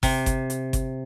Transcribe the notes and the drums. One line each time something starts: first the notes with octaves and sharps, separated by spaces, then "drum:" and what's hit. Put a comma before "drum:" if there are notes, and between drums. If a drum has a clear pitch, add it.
C3, drum: kick G1, open hi-hat
drum: kick G1, hi-hat
drum: hi-hat
drum: kick G1, hi-hat